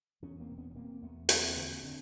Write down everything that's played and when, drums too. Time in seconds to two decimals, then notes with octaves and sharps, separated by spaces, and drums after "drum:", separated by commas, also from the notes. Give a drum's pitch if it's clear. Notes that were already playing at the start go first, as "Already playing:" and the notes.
0.22 E2 B3 C#4
0.40 A#3 C4
0.50 B2
0.58 B3 C#4
0.70 C#4
0.76 B2 A#3 C4
1.02 E2 A3 B3
1.29 F2 A#3 C4, drum: hi-hat
1.56 D3
1.83 D3 C4 D4